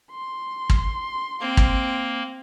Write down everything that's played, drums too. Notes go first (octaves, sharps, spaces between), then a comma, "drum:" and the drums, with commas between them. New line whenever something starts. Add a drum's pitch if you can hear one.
C6
drum: kick
A#3 C4
drum: kick